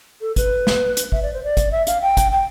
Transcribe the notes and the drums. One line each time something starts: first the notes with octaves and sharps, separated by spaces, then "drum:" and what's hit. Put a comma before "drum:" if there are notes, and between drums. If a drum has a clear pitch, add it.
A4
B4, drum: kick, hi-hat
drum: snare
drum: hi-hat
E5, drum: kick
D5
C5
D5
drum: kick, hi-hat
E5
F5, drum: hi-hat
G5
drum: kick, hi-hat
G5